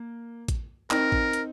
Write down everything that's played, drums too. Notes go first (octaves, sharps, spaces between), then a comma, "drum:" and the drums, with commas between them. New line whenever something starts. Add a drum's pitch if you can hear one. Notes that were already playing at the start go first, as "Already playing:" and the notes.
Already playing: A#3
drum: kick A1, hi-hat
C4 D#4 A#4, drum: clap
drum: kick A1
drum: hi-hat